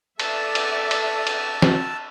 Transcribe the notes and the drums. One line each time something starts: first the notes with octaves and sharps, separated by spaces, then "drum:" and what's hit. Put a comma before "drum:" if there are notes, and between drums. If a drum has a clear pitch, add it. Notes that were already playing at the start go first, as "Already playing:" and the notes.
A4 D5 E5 A5 E6, drum: cymbal
drum: cymbal
drum: cymbal
drum: cymbal
drum: snare